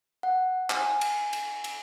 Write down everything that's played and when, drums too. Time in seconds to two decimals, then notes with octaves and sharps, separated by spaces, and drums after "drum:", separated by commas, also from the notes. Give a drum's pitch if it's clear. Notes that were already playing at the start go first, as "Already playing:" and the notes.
0.23 F#5
0.70 G#5, drum: clap
1.01 drum: cymbal
1.33 drum: cymbal
1.64 drum: cymbal